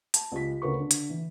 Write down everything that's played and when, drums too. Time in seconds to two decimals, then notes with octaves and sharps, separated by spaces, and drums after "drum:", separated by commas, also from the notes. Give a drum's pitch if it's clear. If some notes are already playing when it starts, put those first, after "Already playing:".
0.14 A5, drum: hi-hat
0.32 C#2 G4 B6
0.62 D2 C#3 A#4 B4 C#6
0.80 D3
0.91 drum: hi-hat
1.10 E3